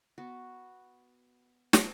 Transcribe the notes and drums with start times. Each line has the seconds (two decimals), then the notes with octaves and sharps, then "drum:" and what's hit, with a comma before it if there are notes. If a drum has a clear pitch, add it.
0.18 B3 F#4
1.73 drum: snare